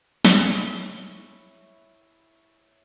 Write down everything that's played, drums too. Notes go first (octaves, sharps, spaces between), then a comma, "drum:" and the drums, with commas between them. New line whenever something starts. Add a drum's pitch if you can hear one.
E4 C#5, drum: snare